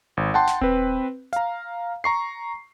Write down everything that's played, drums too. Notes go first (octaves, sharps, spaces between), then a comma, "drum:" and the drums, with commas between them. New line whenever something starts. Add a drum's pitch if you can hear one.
G#1
F#5 G5 A5 C6
drum: snare
C4 B4, drum: kick D#1
F5 A#5, drum: hi-hat
A#5 C#6 C7